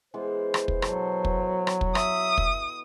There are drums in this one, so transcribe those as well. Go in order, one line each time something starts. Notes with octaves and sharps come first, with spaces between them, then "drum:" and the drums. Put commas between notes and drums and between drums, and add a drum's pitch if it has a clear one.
E3 G#3 B3 C5
drum: rim click
drum: kick
B2 F#3 A4, drum: rim click
drum: kick
drum: rim click
drum: kick
E5 D#6, drum: rim click
drum: kick